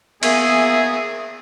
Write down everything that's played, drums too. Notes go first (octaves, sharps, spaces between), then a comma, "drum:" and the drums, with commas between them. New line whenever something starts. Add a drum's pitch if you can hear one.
A#3 B3 G#4 E5, drum: cymbal